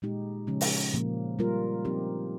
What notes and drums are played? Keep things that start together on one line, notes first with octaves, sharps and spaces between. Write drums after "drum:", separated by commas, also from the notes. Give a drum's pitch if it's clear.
A#2 G#3 D#4 G4
C#3 F3 G#3 C#4
drum: open hi-hat
A#2 F3 A#3
G3 A#3 F4 A#4
F3 C4 D#4 G4